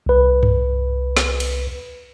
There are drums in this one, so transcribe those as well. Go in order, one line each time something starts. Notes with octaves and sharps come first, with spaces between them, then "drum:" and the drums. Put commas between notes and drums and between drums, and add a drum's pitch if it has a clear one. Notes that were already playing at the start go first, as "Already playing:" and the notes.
C2 B4
drum: tom F#2
drum: snare
drum: cymbal